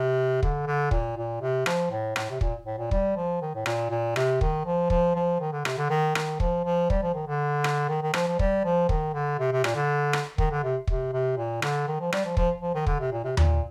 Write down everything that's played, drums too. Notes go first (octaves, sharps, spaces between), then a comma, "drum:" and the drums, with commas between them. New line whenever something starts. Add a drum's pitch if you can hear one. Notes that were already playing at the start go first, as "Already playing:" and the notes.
Already playing: C3
D3, drum: kick
D3
A#2, drum: kick
A#2
C3
F3, drum: rim click
A2
A2, drum: rim click
C3
A#2, drum: kick
A2
A#2
G3, drum: kick
F3
D#3
A2
A#2, drum: rim click
A#2
C3, drum: rim click
D#3, drum: kick
F3
F3, drum: kick
F3
D#3
D3
C3, drum: rim click
D3
D#3
D#3, drum: rim click
F3, drum: kick
F3
G3, drum: kick
F3
D#3
D3
drum: rim click
D#3
D#3
F3, drum: rim click
F3
G3, drum: kick
F3
D#3, drum: kick
D3
C3
C3
A#2, drum: rim click
D3
drum: rim click
D#3, drum: kick
D3
C3
C3, drum: kick
C3
A#2
D3, drum: rim click
D#3
F3
G3, drum: rim click
F3
F3, drum: kick
F3
D#3
D3, drum: kick
C3
A#2
C3
A#2, drum: tom D#2